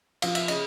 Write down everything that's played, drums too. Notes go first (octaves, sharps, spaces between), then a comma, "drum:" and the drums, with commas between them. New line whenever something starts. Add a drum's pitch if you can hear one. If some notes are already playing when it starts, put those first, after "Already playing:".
F3 F5, drum: cymbal
E5, drum: cymbal
C#3 D#5, drum: cymbal